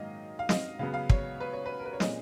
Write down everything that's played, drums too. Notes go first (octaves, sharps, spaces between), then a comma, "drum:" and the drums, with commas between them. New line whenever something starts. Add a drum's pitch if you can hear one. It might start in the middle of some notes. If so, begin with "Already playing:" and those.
Already playing: G#2 D#3 F#3 A#3 D#5 F5
F5
D#5, drum: snare
C#3 F#3 B3 F5
F5
C#5, drum: kick
B4
C#5
B4
A#4
B4
C#5
A#2 G#3 C#4 D#5, drum: snare